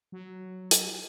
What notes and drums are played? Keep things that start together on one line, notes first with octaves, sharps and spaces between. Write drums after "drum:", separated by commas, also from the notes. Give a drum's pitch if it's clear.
F#3
drum: hi-hat